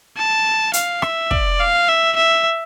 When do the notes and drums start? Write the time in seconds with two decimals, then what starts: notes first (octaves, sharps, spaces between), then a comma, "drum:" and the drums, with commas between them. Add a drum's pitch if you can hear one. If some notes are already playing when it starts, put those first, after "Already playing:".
0.17 A5
0.73 F5, drum: hi-hat
1.02 E5, drum: rim click
1.31 D5, drum: kick
1.60 F5
1.88 E5
2.16 E5